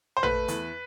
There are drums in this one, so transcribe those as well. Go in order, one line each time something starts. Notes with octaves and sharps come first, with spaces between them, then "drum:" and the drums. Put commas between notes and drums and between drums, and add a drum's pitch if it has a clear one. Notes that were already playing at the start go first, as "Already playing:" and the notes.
C5
A3 B4, drum: tom A1
E2, drum: hi-hat